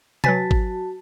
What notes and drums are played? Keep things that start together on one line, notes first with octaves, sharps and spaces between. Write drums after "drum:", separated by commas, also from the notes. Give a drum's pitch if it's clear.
F#3 F#4 B4 G#5 A5 A6 B6, drum: tom C3
drum: kick G#1